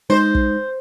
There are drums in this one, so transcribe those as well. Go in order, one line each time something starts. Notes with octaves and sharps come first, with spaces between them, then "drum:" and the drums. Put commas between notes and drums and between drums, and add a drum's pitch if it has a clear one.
G#3 D#4 C5
drum: kick